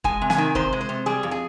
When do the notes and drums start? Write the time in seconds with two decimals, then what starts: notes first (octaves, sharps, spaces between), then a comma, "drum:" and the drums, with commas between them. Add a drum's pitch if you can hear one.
0.04 G#3 G#5, drum: kick
0.22 C3
0.30 G#5, drum: snare
0.38 D#3
0.55 C3 C5, drum: kick
0.73 G#3
0.81 C5
0.89 C3
1.06 G3 G#4
1.23 F2
1.31 G#4